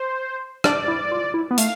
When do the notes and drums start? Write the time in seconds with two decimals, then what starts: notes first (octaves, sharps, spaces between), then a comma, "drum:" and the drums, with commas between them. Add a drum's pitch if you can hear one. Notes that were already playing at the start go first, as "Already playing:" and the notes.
Already playing: C5
0.64 D4 D5, drum: rim click
0.88 E4
1.11 F4
1.34 E4
1.51 B3
1.58 A3 F5, drum: hi-hat